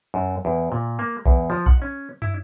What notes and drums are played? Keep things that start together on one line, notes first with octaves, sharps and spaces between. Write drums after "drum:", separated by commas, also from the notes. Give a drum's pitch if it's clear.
F#2
E2
A#2
A#3
E2, drum: kick
F3
F#5, drum: kick
C#4
E4, drum: tom